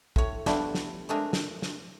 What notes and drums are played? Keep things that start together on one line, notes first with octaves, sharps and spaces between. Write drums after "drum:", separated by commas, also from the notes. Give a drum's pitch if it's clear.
A2 C#5, drum: kick
F3 G3 A3 B3 D4 E4, drum: snare
drum: snare
G#3 A3 C4 D4 A#4
drum: snare
drum: snare